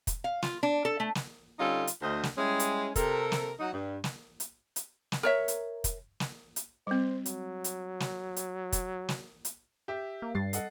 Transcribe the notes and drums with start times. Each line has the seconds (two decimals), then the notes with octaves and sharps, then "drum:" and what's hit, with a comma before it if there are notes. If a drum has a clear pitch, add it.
0.07 drum: kick, hi-hat
0.24 F5
0.43 F4, drum: snare
0.63 D4
0.85 A4
1.00 A3
1.15 drum: snare
1.59 D3 G3 C#4 D#4 F4 A4
1.87 drum: hi-hat
2.02 D2 C5 D#5
2.23 drum: snare
2.38 G3 G#3 C#4 E4 G#4
2.60 drum: hi-hat
2.96 C3 A4 A#4, drum: kick, hi-hat
3.32 drum: snare
3.59 F#3 D#4 F#4
3.73 G2
4.04 drum: snare
4.40 drum: hi-hat
4.76 drum: hi-hat
5.12 drum: snare
5.23 A#4 C#5 E5
5.48 drum: hi-hat
5.84 drum: kick, hi-hat
6.20 drum: snare
6.56 drum: hi-hat
6.87 G3 C4 C5
7.26 F#3, drum: hi-hat
7.64 drum: hi-hat
8.00 drum: snare
8.36 drum: hi-hat
8.73 drum: kick, hi-hat
9.09 drum: snare
9.45 drum: hi-hat
9.88 G4 E5
10.22 A#3
10.35 G2 G3 A6 C7
10.53 A4 D#5 F#5, drum: hi-hat